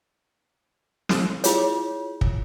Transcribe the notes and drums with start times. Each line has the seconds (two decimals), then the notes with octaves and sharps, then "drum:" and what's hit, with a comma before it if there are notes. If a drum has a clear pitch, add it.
1.09 drum: snare
1.44 E4 F4 G#4 C#5, drum: hi-hat
2.21 drum: kick